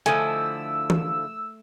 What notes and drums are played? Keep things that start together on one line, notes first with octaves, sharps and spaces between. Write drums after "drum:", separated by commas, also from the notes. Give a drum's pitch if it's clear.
D3 F3 A3 E4 D#5 G5 G#5 E6, drum: hi-hat
drum: tom E3